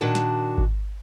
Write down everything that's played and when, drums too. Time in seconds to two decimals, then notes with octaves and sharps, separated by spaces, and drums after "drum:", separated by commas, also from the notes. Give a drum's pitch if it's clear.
0.01 A#2 D#3 D4 F#4 A5
0.15 drum: snare
0.58 drum: kick G#1